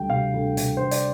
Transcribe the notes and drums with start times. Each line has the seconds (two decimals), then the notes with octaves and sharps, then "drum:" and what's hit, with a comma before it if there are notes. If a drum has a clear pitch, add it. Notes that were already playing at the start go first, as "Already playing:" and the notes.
Already playing: D2 G3 G5
0.09 C3 F5
0.34 D2
0.57 C3, drum: hi-hat
0.77 D2 C5
0.91 D5, drum: hi-hat